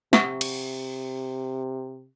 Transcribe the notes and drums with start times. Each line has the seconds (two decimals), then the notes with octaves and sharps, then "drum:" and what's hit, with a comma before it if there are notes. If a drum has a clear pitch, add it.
0.13 C3 E5 F#5 C#6, drum: snare
0.41 drum: cymbal